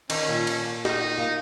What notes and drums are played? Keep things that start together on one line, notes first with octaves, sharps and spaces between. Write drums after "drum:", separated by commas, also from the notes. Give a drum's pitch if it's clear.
D#3 C#4, drum: cymbal
A#2
drum: cymbal
D#4, drum: snare
A#2